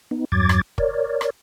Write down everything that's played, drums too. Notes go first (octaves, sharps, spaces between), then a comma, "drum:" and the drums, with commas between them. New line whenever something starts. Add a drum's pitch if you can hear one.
B3 D#4
E2 G2 F#3 D6 G#6 A6
drum: rim click
A#4 C#5 D5, drum: kick
drum: rim click